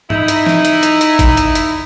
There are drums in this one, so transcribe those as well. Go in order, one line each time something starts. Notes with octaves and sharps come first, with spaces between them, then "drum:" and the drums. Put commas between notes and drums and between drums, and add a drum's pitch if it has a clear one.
D#4 E4, drum: tom G#2
drum: hi-hat
drum: snare
drum: hi-hat
drum: hi-hat
drum: hi-hat
drum: kick G#1, hi-hat
drum: hi-hat
drum: hi-hat